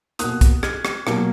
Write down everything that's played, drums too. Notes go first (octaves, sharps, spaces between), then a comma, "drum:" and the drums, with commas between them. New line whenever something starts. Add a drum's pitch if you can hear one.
B2 A#3 D#6 F#6, drum: hi-hat
drum: kick, hi-hat
F6 G#6, drum: rim click
drum: rim click
B2 F#3 A#3, drum: rim click